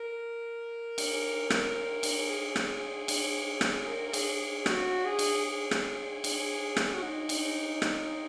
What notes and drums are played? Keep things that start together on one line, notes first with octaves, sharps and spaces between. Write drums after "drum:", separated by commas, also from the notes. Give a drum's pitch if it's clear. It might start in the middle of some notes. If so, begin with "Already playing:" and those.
Already playing: A#4
drum: cymbal
drum: rim click
drum: cymbal
G#4
drum: rim click
drum: cymbal
drum: rim click
A#4
A#4
G#4, drum: cymbal
G#4
F#4, drum: rim click
G#4
drum: cymbal
G#4
drum: rim click
drum: cymbal
drum: rim click
F#4
D#4
drum: cymbal
drum: rim click